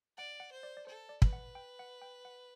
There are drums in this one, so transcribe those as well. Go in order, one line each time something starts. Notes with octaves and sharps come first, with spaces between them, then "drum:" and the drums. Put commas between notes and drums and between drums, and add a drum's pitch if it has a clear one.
D5 F#5
F#5
C5
D5
D5
A4 C5
D5
B4, drum: kick
F#5
G5
F#5
G5
F#5